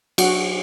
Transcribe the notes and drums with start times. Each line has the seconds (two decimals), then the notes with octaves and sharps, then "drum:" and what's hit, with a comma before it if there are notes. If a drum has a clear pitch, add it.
0.18 F#3 F#4, drum: cymbal